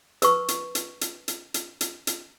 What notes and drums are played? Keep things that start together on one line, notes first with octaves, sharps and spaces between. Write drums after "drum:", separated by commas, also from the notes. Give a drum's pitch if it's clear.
A#4 B4 C#6, drum: hi-hat
drum: hi-hat
drum: hi-hat
drum: hi-hat
drum: hi-hat
drum: hi-hat
drum: hi-hat
drum: hi-hat